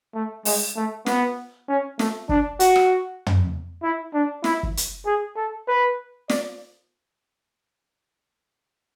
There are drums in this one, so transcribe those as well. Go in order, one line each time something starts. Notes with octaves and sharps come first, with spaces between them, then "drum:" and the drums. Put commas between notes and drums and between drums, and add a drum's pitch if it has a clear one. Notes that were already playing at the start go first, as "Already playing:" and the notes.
A3
G#3, drum: open hi-hat
A3
B3, drum: snare
C#4
A3, drum: snare
D4, drum: kick
F#4, drum: hi-hat
drum: rim click
drum: tom
E4
D4
E4, drum: snare
drum: kick
drum: hi-hat
G#4
A4
B4
D5, drum: snare